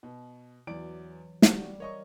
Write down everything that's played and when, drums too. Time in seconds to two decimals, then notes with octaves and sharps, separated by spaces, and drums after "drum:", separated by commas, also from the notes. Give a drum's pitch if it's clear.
0.03 B2
0.67 E2 E3 F#3 D5 D7
1.42 G3 F#4, drum: snare
1.80 A#4 C#5 D#5 C#6